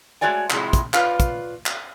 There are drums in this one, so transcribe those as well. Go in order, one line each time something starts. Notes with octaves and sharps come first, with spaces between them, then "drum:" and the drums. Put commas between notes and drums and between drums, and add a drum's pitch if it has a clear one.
G#3 A3 F#4 C#5 D5 G#5
A2 C3 F3 F#3 G#3 E4, drum: clap
drum: kick, hi-hat
F4 B4 C#5 D5 F5, drum: clap
drum: kick, hi-hat
drum: clap